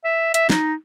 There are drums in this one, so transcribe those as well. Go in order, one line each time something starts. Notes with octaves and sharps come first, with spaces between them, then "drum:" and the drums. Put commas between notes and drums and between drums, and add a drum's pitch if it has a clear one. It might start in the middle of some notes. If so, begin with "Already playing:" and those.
E5
E5, drum: hi-hat
D#4, drum: snare